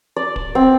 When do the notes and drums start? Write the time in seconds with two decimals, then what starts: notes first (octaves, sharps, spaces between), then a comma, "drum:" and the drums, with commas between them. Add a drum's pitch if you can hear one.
0.16 D5
0.36 drum: kick
0.55 C4